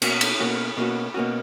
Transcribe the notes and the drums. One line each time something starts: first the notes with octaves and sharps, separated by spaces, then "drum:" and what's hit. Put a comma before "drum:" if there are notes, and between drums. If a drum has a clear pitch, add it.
B2 A#3 C#4 F#4, drum: cymbal
drum: cymbal
B2 A#3 C#4 F#4
B2 A#3 C#4 F#4
B2 A#3 C#4 F#4